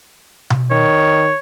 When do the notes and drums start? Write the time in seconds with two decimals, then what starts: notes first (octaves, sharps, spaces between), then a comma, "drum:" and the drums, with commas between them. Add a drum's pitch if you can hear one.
0.50 drum: tom B2
0.71 D#3 C#5